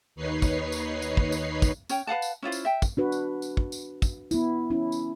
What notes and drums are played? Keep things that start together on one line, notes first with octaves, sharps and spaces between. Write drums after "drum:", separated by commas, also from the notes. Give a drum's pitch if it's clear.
D#2 D#4 B4 C#5 C7
drum: kick, tambourine
drum: tambourine
drum: tambourine
drum: kick
drum: tambourine
drum: kick, tambourine
C#4 C#5 G5, drum: tambourine
B4 F5 F#5 A5
drum: tambourine
C#4 E4 F4 C5
drum: tambourine
E5 G5
drum: kick, tambourine
D4 F#4 B4
drum: tambourine
drum: tambourine
drum: kick
drum: tambourine
drum: kick, tambourine
B3 E4, drum: tambourine
C#4 E4
drum: tambourine